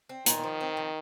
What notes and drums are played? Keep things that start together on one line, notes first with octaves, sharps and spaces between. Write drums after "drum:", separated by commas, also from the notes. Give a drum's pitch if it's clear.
C4
A#2 D#3, drum: hi-hat
F3
C4
F3